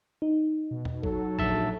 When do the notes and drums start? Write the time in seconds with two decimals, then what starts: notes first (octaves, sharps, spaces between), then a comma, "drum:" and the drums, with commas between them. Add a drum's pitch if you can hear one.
0.22 D#4
0.71 B2
0.85 drum: tom
1.03 F#3 A4, drum: kick
1.39 A#1 E5 A5, drum: kick